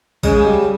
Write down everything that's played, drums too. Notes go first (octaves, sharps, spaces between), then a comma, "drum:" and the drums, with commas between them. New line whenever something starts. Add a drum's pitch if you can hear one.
C#3 G#3, drum: kick B1, tambourine
G3